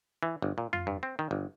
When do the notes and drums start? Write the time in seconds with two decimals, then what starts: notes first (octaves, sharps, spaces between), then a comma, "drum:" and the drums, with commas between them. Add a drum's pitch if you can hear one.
0.23 E3
0.42 G1
0.58 A#2
0.73 F4, drum: tom F2
0.87 G2
1.03 C4
1.19 D#3
1.31 G1